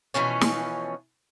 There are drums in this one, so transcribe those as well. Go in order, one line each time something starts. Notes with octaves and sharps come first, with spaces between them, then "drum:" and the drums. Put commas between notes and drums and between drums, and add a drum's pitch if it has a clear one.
B2 E3 F3 C#4
drum: snare